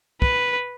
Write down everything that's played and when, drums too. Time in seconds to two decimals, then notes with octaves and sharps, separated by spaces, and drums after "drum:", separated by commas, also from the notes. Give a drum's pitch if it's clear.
0.22 B4, drum: kick